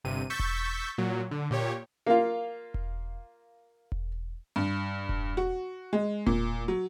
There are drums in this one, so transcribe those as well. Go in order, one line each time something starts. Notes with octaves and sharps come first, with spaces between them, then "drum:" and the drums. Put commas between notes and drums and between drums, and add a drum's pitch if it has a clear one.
G1 C3 D#7
C#6 E6 G6 A6 B6
drum: kick E1
A#2 F#3
D3
A#2 G4 C#5
A#3 F4
drum: kick E1
drum: kick E1
G2
drum: kick E1
F#4
G#3
A#2, drum: kick E1
F#3